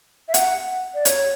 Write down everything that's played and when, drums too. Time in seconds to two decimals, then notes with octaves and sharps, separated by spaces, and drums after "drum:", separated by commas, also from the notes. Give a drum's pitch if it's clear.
0.28 E5
0.34 F#5, drum: hi-hat
0.94 D5
1.05 C#5, drum: hi-hat